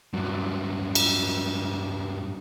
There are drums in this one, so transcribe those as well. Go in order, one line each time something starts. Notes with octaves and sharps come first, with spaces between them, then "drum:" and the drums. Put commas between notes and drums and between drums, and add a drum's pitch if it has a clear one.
G2 F#3
drum: cymbal